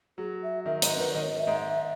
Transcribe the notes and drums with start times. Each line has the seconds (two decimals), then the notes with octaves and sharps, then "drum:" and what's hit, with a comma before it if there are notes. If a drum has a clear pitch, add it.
0.18 F#3 G#4
0.43 E5
0.66 D#3 E5
0.82 G#2 D#5, drum: hi-hat
0.99 D#3 B4
1.14 D#3 D#5
1.22 C#5
1.30 D#5
1.40 E5
1.47 G#2
1.63 E5